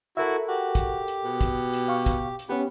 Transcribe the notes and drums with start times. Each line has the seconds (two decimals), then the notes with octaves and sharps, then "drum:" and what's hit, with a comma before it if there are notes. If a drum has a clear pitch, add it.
0.17 E4 F#4 A4 A#4 E5
0.48 F#4 G4
0.75 drum: kick, hi-hat
1.08 drum: hi-hat
1.24 B2
1.41 drum: kick, hi-hat
1.73 drum: hi-hat
1.88 F5 C#6
2.06 drum: kick, hi-hat
2.39 drum: hi-hat
2.49 B3 C#4 G4